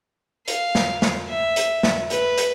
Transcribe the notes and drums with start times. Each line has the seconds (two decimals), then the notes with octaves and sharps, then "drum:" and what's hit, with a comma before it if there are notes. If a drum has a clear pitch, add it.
0.48 F5, drum: hi-hat
0.75 drum: snare
1.02 drum: snare
1.29 E5
1.56 drum: hi-hat
1.83 drum: snare
2.10 B4, drum: hi-hat
2.38 drum: hi-hat